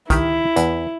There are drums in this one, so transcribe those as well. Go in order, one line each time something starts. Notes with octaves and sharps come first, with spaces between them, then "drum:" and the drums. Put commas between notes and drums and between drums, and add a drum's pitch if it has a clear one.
D#3 E4 G4, drum: kick, hi-hat
E2, drum: hi-hat